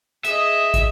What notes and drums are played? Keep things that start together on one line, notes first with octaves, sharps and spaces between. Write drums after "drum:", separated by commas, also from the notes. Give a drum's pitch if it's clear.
G#4 D#5 E5, drum: hi-hat
drum: kick, hi-hat